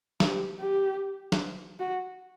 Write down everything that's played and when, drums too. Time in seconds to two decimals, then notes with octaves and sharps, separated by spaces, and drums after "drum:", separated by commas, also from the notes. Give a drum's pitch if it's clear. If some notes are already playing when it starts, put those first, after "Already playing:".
0.20 G4, drum: snare
0.60 G4
1.32 drum: snare
1.79 F#4